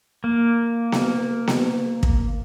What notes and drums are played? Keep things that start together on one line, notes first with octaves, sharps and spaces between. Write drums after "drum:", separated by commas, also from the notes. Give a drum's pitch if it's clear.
A#3
drum: snare B3
drum: snare B3
drum: kick